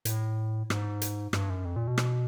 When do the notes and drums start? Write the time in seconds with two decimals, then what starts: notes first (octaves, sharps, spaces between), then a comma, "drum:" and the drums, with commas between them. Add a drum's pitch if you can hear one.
0.05 A2, drum: hi-hat
0.70 G#2, drum: rim click
1.02 drum: hi-hat
1.33 G2, drum: rim click
1.50 F#2
1.65 F2
1.76 A#2
1.87 B2
1.98 drum: rim click